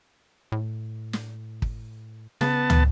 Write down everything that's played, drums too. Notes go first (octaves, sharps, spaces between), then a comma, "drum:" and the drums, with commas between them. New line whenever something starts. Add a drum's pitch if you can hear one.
A2
drum: snare
drum: kick
C#3 B3 A5, drum: snare
drum: tom